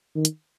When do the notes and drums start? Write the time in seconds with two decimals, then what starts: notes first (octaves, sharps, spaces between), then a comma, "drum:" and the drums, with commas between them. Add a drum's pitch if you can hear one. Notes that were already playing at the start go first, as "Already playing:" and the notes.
0.15 D#3
0.25 drum: hi-hat